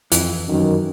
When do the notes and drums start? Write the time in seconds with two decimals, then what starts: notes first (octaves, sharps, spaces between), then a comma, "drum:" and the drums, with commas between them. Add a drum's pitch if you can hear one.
0.12 F2 E3, drum: hi-hat
0.49 F#2 D#3